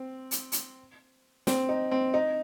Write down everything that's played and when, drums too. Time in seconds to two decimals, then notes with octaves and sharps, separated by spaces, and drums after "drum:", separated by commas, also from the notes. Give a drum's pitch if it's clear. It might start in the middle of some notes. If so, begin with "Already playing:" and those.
Already playing: C4
0.31 drum: hi-hat
0.52 drum: hi-hat
1.47 C4, drum: snare
1.69 D#4
1.91 C4
2.14 D#4